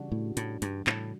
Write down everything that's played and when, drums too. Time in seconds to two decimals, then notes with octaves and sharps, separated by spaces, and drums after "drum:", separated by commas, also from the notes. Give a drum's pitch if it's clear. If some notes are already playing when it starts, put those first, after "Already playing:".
Already playing: C#3 E3 G3 D4 F#4
0.12 A2
0.37 A2, drum: hi-hat
0.62 G2, drum: hi-hat
0.87 A2, drum: clap